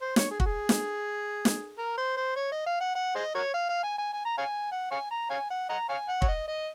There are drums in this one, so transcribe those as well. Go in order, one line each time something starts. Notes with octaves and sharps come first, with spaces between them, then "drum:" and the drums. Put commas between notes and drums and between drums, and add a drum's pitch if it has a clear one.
C5
C#5, drum: snare
G#4
F#4, drum: kick
G#4
drum: snare
drum: snare
A#4
C5
C5
C#5
D#5
F5
F#5
F#5
G#4 C5 D#5
F#4 A#4 C#5
F5
F5
G#5
G#5
G#5
A#5
C#5 F5 G#5
F#5
C#5 F5 G#5
A#5
C#5 F5 G#5
F#5
D#5 F#5 A#5
C#5 F5 G#5
F#5
C#5, drum: kick
D#5
D#5